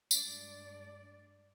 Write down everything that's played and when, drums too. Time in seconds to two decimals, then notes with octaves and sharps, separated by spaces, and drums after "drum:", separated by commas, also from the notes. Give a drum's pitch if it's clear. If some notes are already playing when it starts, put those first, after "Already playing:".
0.11 G2 G#3 D4 D5, drum: tambourine